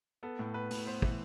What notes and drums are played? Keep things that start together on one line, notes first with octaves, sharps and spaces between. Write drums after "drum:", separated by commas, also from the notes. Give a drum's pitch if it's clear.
B3 A4
A2
B3 B4
A2, drum: open hi-hat
B3 C5
E3, drum: kick